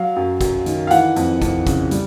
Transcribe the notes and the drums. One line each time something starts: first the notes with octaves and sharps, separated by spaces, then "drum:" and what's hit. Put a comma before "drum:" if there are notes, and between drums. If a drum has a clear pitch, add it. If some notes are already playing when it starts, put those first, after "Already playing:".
Already playing: F#3 F5
F#2
F#2, drum: kick, hi-hat
D#3, drum: hi-hat
F5
E3 F#5, drum: hi-hat
F2, drum: hi-hat
F2, drum: kick, hi-hat
C#3, drum: kick, hi-hat
G3, drum: hi-hat